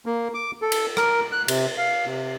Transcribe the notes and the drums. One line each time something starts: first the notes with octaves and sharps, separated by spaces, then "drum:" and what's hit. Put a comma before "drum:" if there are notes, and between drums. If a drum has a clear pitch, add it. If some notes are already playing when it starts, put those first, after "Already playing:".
A#3
D6
A4
drum: cymbal
A#4, drum: rim click
F#6
C3, drum: cymbal
F5
C3